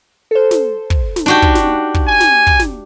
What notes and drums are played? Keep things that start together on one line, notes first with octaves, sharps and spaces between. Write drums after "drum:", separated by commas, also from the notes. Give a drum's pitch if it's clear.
A4 C5
drum: snare
drum: kick
drum: snare
D4 D#4 F#4 G4
drum: kick
drum: snare
drum: kick
G#5
drum: snare
drum: kick
drum: snare